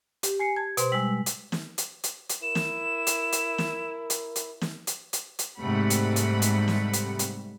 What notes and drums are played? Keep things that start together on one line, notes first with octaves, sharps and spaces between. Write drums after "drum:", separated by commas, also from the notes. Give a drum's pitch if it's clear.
G4, drum: hi-hat
G#5 C7 C#7
A5 G#6
B2 B4 C5 C6, drum: hi-hat
G3 G#3 E6 B6 F#7
drum: hi-hat
drum: snare
drum: hi-hat
drum: hi-hat
drum: hi-hat
E4 A#4 E7
drum: snare
drum: hi-hat
drum: hi-hat
drum: snare
drum: hi-hat
drum: hi-hat
drum: snare
drum: hi-hat
drum: hi-hat
drum: hi-hat
G#2 C3 G3 A3 F#5 B5
drum: hi-hat
drum: hi-hat
drum: hi-hat
drum: snare
drum: hi-hat
drum: hi-hat